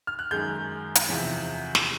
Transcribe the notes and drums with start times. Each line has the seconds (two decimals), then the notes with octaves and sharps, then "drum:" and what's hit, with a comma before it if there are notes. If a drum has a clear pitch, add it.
0.07 F6
0.19 F#6
0.31 F#2 D#3 G#3 G6
0.95 drum: hi-hat
1.09 E2 C3 F3
1.75 drum: snare